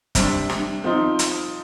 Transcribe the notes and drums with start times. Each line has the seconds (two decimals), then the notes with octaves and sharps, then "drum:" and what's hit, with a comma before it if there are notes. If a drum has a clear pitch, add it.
0.15 C3 G3 D4, drum: kick, hi-hat
0.50 drum: snare
0.84 F3 C4 D#4
1.19 drum: hi-hat